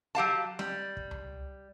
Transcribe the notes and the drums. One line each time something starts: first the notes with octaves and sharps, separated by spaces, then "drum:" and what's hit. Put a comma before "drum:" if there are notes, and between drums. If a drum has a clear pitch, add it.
F#3 G4 F5 A5
G3, drum: snare C4
drum: kick
drum: tom C#2